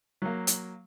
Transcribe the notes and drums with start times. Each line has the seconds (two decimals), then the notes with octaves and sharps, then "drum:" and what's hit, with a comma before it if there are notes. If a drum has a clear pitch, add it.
0.22 F#3 A#3
0.47 drum: hi-hat